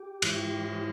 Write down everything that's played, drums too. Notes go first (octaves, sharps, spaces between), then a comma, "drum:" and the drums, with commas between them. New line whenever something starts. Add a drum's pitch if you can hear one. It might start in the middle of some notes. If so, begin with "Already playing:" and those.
Already playing: G4
G#2 E3, drum: cymbal